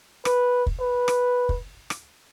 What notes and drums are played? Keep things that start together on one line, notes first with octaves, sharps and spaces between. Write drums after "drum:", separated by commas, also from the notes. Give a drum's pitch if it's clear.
B4, drum: rim click
drum: kick
B4
drum: rim click
drum: kick
drum: rim click